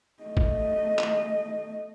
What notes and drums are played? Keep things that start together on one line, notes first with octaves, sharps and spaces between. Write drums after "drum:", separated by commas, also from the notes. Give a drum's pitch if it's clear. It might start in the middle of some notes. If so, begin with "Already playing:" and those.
A3 D#5
drum: kick A1
drum: clap